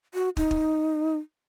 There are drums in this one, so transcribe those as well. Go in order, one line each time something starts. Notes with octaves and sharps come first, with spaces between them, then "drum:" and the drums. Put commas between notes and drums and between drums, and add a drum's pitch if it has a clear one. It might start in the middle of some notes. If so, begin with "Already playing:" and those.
F#4
D#4, drum: kick
drum: kick